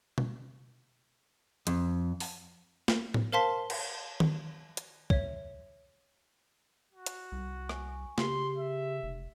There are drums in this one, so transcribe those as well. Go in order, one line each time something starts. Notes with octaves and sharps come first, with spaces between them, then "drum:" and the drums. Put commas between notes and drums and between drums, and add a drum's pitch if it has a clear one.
drum: tom B2
F2, drum: hi-hat
drum: open hi-hat
drum: snare
drum: tom A2
A#4 C5 F5 A5 C6 B6
drum: cymbal
drum: tom D#3
drum: hi-hat
C#5 E5, drum: kick
F#4
drum: hi-hat
C2
G#5 C#6, drum: rim click
C#3 G4 C6, drum: snare
E5
F1